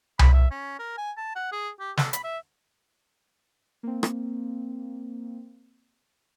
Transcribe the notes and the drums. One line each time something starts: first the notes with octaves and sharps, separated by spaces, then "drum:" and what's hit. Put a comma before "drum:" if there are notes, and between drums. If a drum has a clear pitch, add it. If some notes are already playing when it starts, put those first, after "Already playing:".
B5, drum: tom C2
E5
C#4
A#4
G#5
A5
F#5
G#4
G4
A4, drum: snare
B5, drum: hi-hat
E5
A#3 C4
drum: rim click